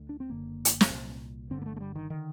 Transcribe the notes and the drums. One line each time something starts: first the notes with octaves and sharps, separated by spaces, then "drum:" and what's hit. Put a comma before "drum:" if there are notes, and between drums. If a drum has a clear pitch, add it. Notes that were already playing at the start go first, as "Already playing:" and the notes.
Already playing: D2 D3
D4
C4
F#1 F#2 D3 A#3
drum: hi-hat
drum: snare
C2 A#2
G1 G2 D3 C4
A#3
A3
A3
G3
D#3
D3 D#3